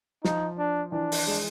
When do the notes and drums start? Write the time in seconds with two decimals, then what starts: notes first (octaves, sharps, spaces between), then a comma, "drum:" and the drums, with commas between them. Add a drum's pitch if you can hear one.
0.25 F3 D#4, drum: snare
0.59 D4
0.92 E3 D4
1.12 drum: open hi-hat
1.27 G#3